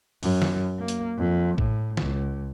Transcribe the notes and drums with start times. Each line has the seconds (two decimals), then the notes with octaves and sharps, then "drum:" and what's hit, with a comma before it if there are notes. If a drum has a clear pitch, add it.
0.23 F#2, drum: open hi-hat
0.42 drum: snare
0.79 A#3
0.88 drum: hi-hat
1.18 F2
1.58 A2, drum: kick A1
1.97 C#2, drum: snare